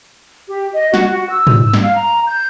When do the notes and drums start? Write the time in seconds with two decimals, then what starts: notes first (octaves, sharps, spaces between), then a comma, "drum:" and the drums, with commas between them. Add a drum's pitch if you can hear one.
0.47 G4
0.73 D#5
0.94 F#4, drum: snare
1.11 F#4
1.30 E6
1.47 drum: tom
1.73 drum: snare
1.83 F5
1.96 A#5
2.27 G6